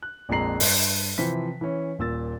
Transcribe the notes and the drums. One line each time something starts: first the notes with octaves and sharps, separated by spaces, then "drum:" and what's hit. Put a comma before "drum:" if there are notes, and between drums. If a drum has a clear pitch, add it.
F#6
A#1 F2 G#3 A#5 C7 F#7
G2, drum: open hi-hat
C3 E3 F3 C5 B6
E3 C#4
D#1 A#2 E6 A6